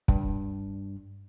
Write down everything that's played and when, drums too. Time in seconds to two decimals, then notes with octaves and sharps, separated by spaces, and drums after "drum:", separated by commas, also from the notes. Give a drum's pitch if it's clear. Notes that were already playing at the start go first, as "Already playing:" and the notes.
0.08 G2, drum: kick